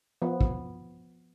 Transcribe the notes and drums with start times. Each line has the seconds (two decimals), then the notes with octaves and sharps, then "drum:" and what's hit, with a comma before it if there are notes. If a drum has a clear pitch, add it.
0.22 F3 B3
0.41 drum: kick